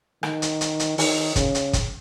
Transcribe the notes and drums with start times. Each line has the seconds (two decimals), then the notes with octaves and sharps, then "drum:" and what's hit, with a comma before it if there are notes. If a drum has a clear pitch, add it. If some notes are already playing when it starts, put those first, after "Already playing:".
0.23 D#3, drum: rim click
0.42 drum: hi-hat
0.61 drum: hi-hat
0.80 drum: hi-hat
0.98 D#3, drum: open hi-hat
1.36 C#3, drum: kick, hi-hat
1.55 drum: hi-hat
1.73 drum: kick, hi-hat